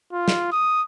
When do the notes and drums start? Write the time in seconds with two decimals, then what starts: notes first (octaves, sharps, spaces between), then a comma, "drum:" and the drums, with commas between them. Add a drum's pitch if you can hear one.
0.13 F4
0.28 drum: snare
0.52 D#6